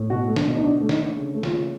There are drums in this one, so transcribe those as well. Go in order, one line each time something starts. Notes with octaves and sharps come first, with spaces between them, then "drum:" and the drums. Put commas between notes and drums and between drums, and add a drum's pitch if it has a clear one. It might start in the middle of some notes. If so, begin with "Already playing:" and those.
Already playing: A2
B2 F#4
A3
D4, drum: snare
B2
D#4
D3 D4
A3
D#4, drum: snare
D3
C#3
A3
F4, drum: snare
C#3